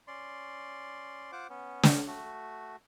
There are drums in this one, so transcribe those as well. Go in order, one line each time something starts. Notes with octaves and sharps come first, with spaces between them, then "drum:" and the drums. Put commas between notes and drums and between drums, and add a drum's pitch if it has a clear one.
C#4 D5 C6
F4 C5 F#5 D6
B3 C#4
drum: snare
A3 F#4